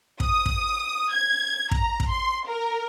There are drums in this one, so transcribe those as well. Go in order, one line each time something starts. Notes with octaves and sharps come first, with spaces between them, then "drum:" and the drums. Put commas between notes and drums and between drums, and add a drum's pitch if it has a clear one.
D#6, drum: kick
drum: kick
G#6
A#5, drum: kick
drum: kick
C6
A#4